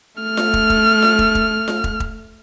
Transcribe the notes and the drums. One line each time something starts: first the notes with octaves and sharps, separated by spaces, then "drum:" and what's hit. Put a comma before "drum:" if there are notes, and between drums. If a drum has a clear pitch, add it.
A3 F6
drum: snare F4
drum: kick
drum: kick
drum: snare F4
drum: kick
drum: kick
drum: snare F4
drum: kick
drum: kick